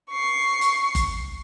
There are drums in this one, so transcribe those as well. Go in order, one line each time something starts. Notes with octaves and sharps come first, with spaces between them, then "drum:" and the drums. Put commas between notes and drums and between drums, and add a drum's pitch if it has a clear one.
C#6 C7
drum: hi-hat
drum: kick F#1, hi-hat